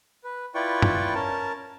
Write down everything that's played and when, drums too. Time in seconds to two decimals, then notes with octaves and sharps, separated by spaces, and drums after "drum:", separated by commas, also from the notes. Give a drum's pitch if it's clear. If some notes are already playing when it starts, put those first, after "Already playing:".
0.24 B4
0.55 E4 F4 B4 D5 G5 C#6
0.82 drum: tom F#2
1.15 C#4 A#4 A5